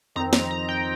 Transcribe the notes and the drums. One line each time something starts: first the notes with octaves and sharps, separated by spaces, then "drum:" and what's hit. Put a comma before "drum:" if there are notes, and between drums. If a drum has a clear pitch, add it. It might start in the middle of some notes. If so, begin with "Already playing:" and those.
F2 D#3 C4 D#4 A#5
A#5, drum: snare
A#5
G5